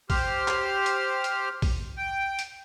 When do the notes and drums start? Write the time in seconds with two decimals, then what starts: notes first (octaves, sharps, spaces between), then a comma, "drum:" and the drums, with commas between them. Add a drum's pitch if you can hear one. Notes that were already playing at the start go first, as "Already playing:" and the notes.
0.10 G4 C5 F6, drum: kick, open hi-hat
0.48 drum: clap
0.86 drum: hi-hat
1.24 drum: hi-hat
1.62 drum: kick, open hi-hat
1.97 G5
2.39 drum: hi-hat